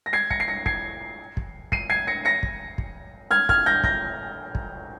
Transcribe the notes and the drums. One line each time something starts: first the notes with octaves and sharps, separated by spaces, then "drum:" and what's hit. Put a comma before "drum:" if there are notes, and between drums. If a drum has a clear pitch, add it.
A#6
G#6 C7
A#6 C#7, drum: kick
C7
A#6 C#7
G#6 C7, drum: kick
drum: kick
C7 D#7, drum: kick
G#6 C7
A#6 C#7
A#6 C#7
drum: kick
drum: kick
F6 G#6
F6 G#6, drum: kick
G6 A#6
G6 A#6, drum: kick
drum: kick